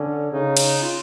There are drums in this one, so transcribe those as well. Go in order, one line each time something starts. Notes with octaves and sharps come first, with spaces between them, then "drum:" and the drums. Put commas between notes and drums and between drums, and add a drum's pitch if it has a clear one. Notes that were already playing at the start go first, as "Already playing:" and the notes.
Already playing: D3 C#4
C#3 D#4
D#4, drum: cymbal
F4